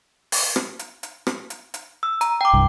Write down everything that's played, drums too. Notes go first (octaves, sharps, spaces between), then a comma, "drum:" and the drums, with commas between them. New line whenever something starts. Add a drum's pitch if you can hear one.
drum: open hi-hat
drum: rim click
drum: hi-hat
drum: hi-hat
drum: rim click
drum: hi-hat
drum: hi-hat
E6
A#5, drum: hi-hat
G5 D6
C2 G2